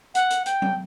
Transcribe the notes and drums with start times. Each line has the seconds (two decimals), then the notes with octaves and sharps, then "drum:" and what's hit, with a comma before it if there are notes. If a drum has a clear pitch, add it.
0.15 F#5, drum: hi-hat
0.30 drum: hi-hat
0.46 G5, drum: hi-hat
0.62 drum: tom F#3